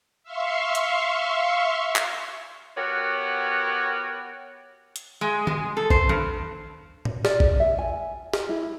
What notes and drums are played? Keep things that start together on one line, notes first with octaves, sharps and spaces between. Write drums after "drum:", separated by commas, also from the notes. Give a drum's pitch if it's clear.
E5 F5 C6 C#6
drum: hi-hat
drum: clap
B3 F#4 G4 A#4 C#5
drum: hi-hat
G#3
G#3, drum: tom D#3
A4
C5, drum: kick A1
G2, drum: tom D#3
drum: tom A2
D5, drum: snare
drum: kick A1
E5
G#5
drum: snare
E4